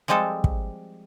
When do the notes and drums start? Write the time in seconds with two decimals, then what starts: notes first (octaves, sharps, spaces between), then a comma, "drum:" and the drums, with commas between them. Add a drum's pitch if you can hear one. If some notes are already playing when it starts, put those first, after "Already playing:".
0.08 F3 G3 G#3 C4 A4
0.44 drum: kick